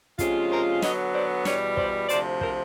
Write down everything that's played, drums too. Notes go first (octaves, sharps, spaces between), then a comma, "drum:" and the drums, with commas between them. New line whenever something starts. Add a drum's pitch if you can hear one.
C3 F3 G#3 C#4 F4, drum: kick, hi-hat
A#4 C5
D3 F#3 B3 C#5 D#5, drum: snare
C5 D5
E2 B2 G3 B4 C#5, drum: snare
C5 D5, drum: kick
D2 C3 F3 C5 D5, drum: hi-hat
A#4 C5, drum: kick